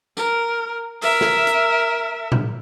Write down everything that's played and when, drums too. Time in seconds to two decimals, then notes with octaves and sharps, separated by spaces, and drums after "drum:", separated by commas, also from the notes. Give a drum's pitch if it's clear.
0.17 A#4, drum: tambourine
1.02 A#4 E5, drum: open hi-hat
1.21 drum: snare
1.47 drum: hi-hat
2.32 drum: tom A2